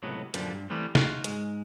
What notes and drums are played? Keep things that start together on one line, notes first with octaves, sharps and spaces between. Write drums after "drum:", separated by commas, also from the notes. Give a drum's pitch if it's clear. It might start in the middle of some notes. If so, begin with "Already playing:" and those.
C#2 A2 C3 F#3 B3
F#2 A#2 D3 F3 G3, drum: hi-hat
G2
E3 G3 A3 B3 C4
D#4 F4 F#4, drum: snare
G#2 G#3, drum: hi-hat